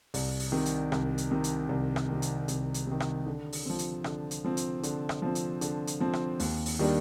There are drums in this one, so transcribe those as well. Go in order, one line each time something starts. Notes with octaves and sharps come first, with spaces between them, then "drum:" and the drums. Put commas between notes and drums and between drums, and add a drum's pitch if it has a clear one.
C2, drum: open hi-hat
drum: open hi-hat
C3 D#3
drum: hi-hat
C2, drum: rim click
drum: hi-hat
C3 D#3
drum: hi-hat
C2
drum: rim click
C3 D#3
drum: hi-hat
C2, drum: hi-hat
drum: hi-hat
C3 D#3
drum: rim click
D3
drum: open hi-hat
F3 C4
drum: hi-hat
D3, drum: rim click
drum: hi-hat
F3 C4
drum: hi-hat
D3, drum: hi-hat
drum: rim click
F3 C4
drum: hi-hat
D3, drum: hi-hat
drum: hi-hat
F3 C4
drum: rim click
D#2, drum: open hi-hat
drum: open hi-hat
D#3 G3 A#3 D4